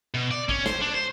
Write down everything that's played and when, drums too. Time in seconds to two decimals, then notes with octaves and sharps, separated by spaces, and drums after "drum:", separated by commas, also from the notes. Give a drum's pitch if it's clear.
0.14 B2
0.31 D5
0.49 C#4, drum: kick
0.66 C5, drum: snare
0.81 D4
0.95 C5